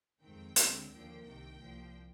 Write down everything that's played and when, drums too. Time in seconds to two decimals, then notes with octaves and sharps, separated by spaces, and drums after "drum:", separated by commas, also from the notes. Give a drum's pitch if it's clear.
0.22 F2 D#3 G#3 C4 G5
0.56 D2 D3 G#3 C4, drum: hi-hat
0.90 D#2 D3 F3 A#3 G5
1.24 C2 C3 D#3 G5
1.58 C2 A#2 F3